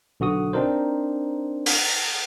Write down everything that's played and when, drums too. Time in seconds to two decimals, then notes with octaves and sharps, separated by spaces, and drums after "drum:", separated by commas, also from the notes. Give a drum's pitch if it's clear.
0.20 B1 D3 F#4 D#6
0.53 C4 D4 D#4 A#4 C5
1.66 drum: open hi-hat